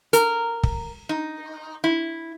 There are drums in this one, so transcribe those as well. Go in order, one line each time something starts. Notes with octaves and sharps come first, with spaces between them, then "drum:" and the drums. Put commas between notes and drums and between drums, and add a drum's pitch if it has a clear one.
A#4, drum: hi-hat
drum: kick
D#4
E4